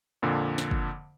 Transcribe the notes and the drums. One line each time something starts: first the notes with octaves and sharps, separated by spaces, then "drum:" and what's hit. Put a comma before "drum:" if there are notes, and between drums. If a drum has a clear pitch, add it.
F2 A#2 D3
drum: snare
drum: kick